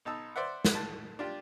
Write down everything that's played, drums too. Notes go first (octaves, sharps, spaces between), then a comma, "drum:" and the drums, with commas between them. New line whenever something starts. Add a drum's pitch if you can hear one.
B1 D#4 A5 E6
C5 D5 E5 F#5
drum: snare
A5
D4 F4 G4